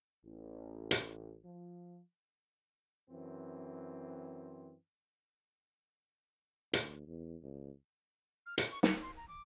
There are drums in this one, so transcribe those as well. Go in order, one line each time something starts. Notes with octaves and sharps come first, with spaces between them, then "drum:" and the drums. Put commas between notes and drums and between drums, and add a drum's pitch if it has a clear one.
A1
drum: hi-hat
F3
F#2 E3 C4
D2, drum: hi-hat
E2
C#2
F6
C#7, drum: hi-hat
C#6
C#7, drum: snare
C6
A#5
D6